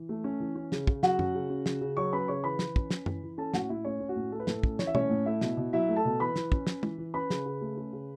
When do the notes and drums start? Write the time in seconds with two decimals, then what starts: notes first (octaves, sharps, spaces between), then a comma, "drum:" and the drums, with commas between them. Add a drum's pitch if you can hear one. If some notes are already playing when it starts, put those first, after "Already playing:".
Already playing: E3
0.09 A3
0.24 C#4
0.40 E3
0.55 C#4
0.72 C#3, drum: snare
0.87 C#3, drum: kick
1.03 F#3 F#4 F#5, drum: snare
1.19 C#4, drum: tom F#2
1.35 C#3
1.50 C#4
1.66 C#3, drum: snare
1.81 C#3
1.97 F#3 C#5 C#6
2.13 C#4 B4 B5
2.28 C#3 C#5 C#6
2.44 E3 B4 B5
2.59 E3, drum: snare
2.76 C#4, drum: kick
2.90 C#4, drum: snare
3.06 E3, drum: tom F#2
3.23 E3
3.38 C#4 A4 A5
3.54 A2 F#4 F#5, drum: snare
3.69 A2 E4 E5
3.85 A3 C#4 C#5
4.00 C#4
4.09 F#4
4.16 A2
4.32 A3 A4
4.40 B4
4.47 A2 A4, drum: snare
4.63 C#4, drum: kick
4.79 E3 C#5, drum: snare
4.87 E5
4.95 A3 C#4 C#5, drum: tom B2
5.10 A2
5.26 A3 E4 E5
5.41 B2, drum: snare
5.57 B2
5.73 F#3 E4 E5
5.89 A3
5.96 A4 A5
6.05 B2
6.20 E3 B4 B5
6.36 E3, drum: snare
6.52 C#4, drum: kick
6.67 C#4, drum: snare
6.83 E3, drum: tom
6.98 E3
7.14 C#4 B4 B5
7.30 C#3, drum: snare
7.46 C#3
7.61 A3
7.77 C#4
7.93 C#3